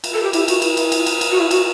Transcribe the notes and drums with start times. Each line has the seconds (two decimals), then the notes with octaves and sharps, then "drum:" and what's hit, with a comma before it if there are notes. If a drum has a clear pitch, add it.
0.04 drum: cymbal
0.14 A4
0.23 G4
0.33 E4, drum: cymbal
0.48 F#4, drum: cymbal
0.62 E4, drum: cymbal
0.77 drum: cymbal
0.92 drum: cymbal
1.06 drum: cymbal
1.21 drum: cymbal
1.31 F#4
1.40 E4
1.51 F#4, drum: cymbal